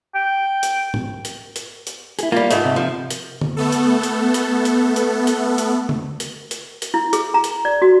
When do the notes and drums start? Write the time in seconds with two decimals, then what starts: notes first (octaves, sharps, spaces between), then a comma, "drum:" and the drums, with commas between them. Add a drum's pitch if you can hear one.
0.15 G5
0.63 drum: hi-hat
0.94 drum: tom G#2
1.25 drum: hi-hat
1.56 drum: hi-hat
1.87 drum: hi-hat
2.19 E4 G#4, drum: hi-hat
2.32 G3 A#3 F4
2.51 G#2 A3, drum: hi-hat
2.65 C3
2.76 F3
3.10 drum: hi-hat
3.41 drum: tom D3
3.57 A3 B3 A4
3.72 drum: hi-hat
4.03 drum: hi-hat
4.34 drum: hi-hat
4.65 drum: hi-hat
4.96 drum: hi-hat
5.27 drum: hi-hat
5.58 drum: hi-hat
5.89 drum: tom
6.20 drum: hi-hat
6.51 drum: hi-hat
6.82 drum: hi-hat
6.94 E4
7.13 G#4, drum: hi-hat
7.34 A#5
7.44 drum: hi-hat
7.65 D5
7.82 F#4